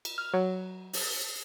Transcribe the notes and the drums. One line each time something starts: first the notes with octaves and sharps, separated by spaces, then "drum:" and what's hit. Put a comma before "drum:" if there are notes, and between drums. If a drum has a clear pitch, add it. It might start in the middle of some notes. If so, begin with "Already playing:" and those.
drum: cymbal
F6
F#3
drum: open hi-hat